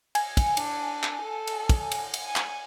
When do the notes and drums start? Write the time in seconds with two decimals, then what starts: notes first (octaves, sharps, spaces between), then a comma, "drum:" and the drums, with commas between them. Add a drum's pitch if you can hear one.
0.15 G#5, drum: cymbal
0.37 drum: kick, cymbal
0.57 D4, drum: cymbal
1.03 drum: clap
1.22 A4
1.47 drum: cymbal
1.69 drum: kick, cymbal
1.92 drum: cymbal
2.14 drum: cymbal
2.25 G#5
2.36 drum: clap